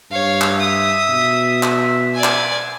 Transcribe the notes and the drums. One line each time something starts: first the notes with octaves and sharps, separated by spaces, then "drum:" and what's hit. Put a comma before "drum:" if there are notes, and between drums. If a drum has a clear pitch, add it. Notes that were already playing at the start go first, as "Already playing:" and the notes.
G2 C#5 F5
drum: clap
E5 D#6
B2
drum: clap
D5 G#5
drum: clap